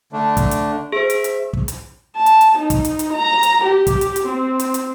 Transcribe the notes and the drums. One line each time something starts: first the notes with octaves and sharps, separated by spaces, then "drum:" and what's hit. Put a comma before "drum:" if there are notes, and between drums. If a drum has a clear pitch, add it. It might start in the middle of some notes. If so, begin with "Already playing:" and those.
D3 A3 D4
drum: kick, hi-hat
drum: hi-hat
G#4 C5 E5
drum: hi-hat
drum: hi-hat
drum: kick
drum: hi-hat
A5
drum: hi-hat
drum: hi-hat
D#4
drum: kick, hi-hat
drum: hi-hat
drum: hi-hat
A#5
drum: hi-hat
G4
drum: kick, hi-hat
drum: hi-hat
drum: hi-hat
C4
drum: hi-hat
drum: hi-hat